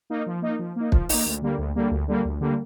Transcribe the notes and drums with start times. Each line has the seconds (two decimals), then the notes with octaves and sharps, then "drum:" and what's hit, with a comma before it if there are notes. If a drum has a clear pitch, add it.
0.10 A#3 D#4
0.26 F3
0.42 A#3 D#4
0.59 F3
0.76 A#3 D#4
0.92 F3, drum: kick
1.09 A#3 D#4, drum: open hi-hat
1.26 D2
1.42 D3 G3 A#3
1.58 D2
1.76 D3 G3 A#3
1.91 D2
2.08 D3 G3 A#3
2.25 D2
2.41 D3 G3 A#3